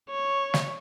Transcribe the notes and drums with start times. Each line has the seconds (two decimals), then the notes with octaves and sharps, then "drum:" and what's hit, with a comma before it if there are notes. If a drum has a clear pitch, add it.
0.11 C#5
0.54 drum: snare